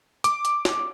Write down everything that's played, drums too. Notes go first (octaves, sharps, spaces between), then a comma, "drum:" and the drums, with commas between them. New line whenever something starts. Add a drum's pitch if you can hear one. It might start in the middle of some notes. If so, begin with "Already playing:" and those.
D6, drum: hi-hat
drum: hi-hat
drum: snare